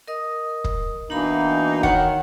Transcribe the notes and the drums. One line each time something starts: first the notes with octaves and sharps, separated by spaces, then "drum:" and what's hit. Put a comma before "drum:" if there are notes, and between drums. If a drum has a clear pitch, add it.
A#4 D#5 D#6
drum: kick
B2 E3 A#3 D4 D#4 B5
D#3 C#5 F#5 G5, drum: kick